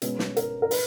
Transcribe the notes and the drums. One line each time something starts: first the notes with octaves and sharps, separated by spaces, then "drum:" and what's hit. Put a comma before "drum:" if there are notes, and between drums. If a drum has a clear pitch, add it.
B2 G#3 C#4 B4, drum: hi-hat
drum: snare
A#4, drum: hi-hat
A#4
B4, drum: open hi-hat